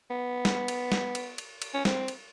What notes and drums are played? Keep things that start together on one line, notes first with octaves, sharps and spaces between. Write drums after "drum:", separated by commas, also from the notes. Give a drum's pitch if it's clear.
B3
drum: snare
drum: cymbal
drum: snare
drum: cymbal
drum: cymbal
drum: cymbal
C#4
C4, drum: snare
drum: cymbal